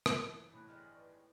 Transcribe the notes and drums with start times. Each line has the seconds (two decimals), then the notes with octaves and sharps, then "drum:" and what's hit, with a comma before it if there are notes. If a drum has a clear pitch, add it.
0.06 G1 E3, drum: rim click
0.53 A2 B5 F#6
0.68 D#3 G3 G#3 F6
0.95 B4 D5 C#6